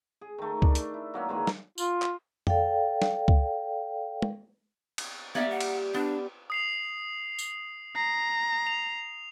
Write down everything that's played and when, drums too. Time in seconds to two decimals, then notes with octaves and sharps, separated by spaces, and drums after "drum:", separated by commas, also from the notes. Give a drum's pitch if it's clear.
0.21 G#4
0.38 D#3 A3
0.62 D4, drum: kick C#2
0.75 drum: hi-hat
0.94 E4
1.14 F#3 A#3 C#4
1.29 A#2 D#3 E3 G#3
1.47 drum: snare
1.78 F4, drum: tambourine
2.02 drum: clap
2.47 A4 D5 F5 G5, drum: tom F2
3.02 drum: snare
3.28 drum: kick C#2
4.22 drum: tom
4.98 drum: cymbal
5.35 G3 A#3 B3 D5 E5
5.51 F#5
5.61 drum: cymbal
5.94 B3 D4
6.50 D#6 C7 F7
7.39 drum: tambourine
7.96 A#5 C7
8.67 F7